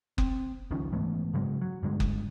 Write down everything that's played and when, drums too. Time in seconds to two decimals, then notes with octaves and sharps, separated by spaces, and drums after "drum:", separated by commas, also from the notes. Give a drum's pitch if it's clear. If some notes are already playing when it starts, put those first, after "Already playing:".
0.18 C4, drum: kick F#1
0.71 C#2 D#3 F3 C#4
0.92 G#2 E3 A3 B3
1.34 G#2 C#3 F#3 G#3
1.62 F#3
1.83 G2 D3 G#3
2.00 drum: kick F#1